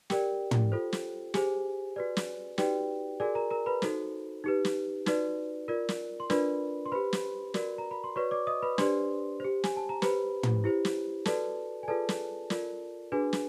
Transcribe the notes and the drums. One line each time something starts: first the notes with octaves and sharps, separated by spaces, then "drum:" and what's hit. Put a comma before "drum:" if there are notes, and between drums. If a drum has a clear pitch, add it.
G4 A#4 D5 G5, drum: snare
drum: tom
F4 A4 C5
drum: snare
G4 G#4 C5 G#5, drum: snare
F#4 B4 D5
drum: snare
D#4 F#4 G4 B4 D5 G5, drum: snare
F#4 G#4 A#4 D5 G#5
A#4 A#5
A#4 A#5
B4 B5
D#4 F#4 A4 C5, drum: snare
D#4 G4 B4
drum: snare
D#4 F#4 B4 D5, drum: snare
F4 A#4 D5
drum: snare
C6
D4 F4 A#4 B4 D5 B5, drum: snare
C6
G4 B4 C5 B5
drum: snare
F#4 A#4 D5, drum: snare
A#5
B5
C6
F#4 B4 C#5 D5 C#6
D5 D6
D#5 D#6
B4 B5
D4 G4 B4 C5 D5 C6, drum: snare
G4 C5
G#5, drum: snare
A5
A#5
G4 B4 C5 B5, drum: snare
drum: tom
E4 G4 C5
drum: snare
F#4 A4 B4 D5 A5, drum: snare
G#5
F4 G#4 A4 B4 D5 A5
drum: snare
F4 A#4 D5, drum: snare
D4 F#4 G#4 B4 G#5
drum: snare